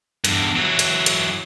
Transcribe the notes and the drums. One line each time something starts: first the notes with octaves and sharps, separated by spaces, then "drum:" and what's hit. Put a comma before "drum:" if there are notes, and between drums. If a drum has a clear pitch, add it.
E2 G2, drum: hi-hat
E3 F#3
drum: hi-hat
drum: hi-hat